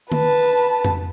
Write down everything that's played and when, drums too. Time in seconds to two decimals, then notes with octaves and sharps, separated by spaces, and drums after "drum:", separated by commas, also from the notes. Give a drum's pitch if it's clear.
0.12 B4 A5, drum: tom D3
0.85 drum: tom F2